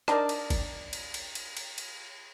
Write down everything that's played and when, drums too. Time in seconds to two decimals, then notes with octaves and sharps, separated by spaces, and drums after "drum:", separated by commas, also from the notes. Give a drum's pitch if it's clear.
0.08 D4 D#4 A#4 D5, drum: rim click
0.29 drum: cymbal
0.50 drum: kick G1, cymbal
0.93 drum: cymbal
1.14 drum: cymbal
1.35 drum: cymbal
1.57 drum: cymbal
1.78 drum: cymbal